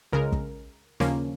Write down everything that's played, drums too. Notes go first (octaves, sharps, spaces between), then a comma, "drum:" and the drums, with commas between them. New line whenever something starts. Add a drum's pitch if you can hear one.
C#2 C#3 G#3 A#4
drum: kick
D#2 C#3 F3 A#3 C#4, drum: snare